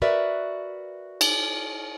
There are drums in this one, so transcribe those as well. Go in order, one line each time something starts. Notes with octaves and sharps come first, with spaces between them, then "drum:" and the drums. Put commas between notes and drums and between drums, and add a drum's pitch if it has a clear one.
F#4 A#4 B4 D5 E5
drum: cymbal